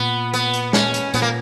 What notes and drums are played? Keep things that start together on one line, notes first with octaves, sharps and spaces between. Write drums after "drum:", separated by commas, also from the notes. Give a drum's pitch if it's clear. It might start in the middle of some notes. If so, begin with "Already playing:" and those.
Already playing: A#2 B3
B3, drum: hi-hat
drum: hi-hat
C#4, drum: snare
drum: hi-hat
A#2 B3, drum: hi-hat
A#3